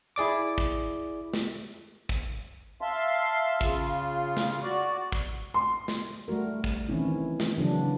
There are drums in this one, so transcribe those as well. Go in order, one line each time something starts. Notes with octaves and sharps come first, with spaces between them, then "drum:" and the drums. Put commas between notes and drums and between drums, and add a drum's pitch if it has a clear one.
E4 G#4 D5 D6
drum: kick
drum: snare
drum: kick
E5 F5 A5 C6
C#3 F4, drum: kick
drum: snare
F#4 D5
drum: kick
C6
drum: snare
G3 A3 F#4 A#4
drum: kick
D#3 E3 C4 C#4 E4
drum: snare
C#3 E3 F#3 A#3 D4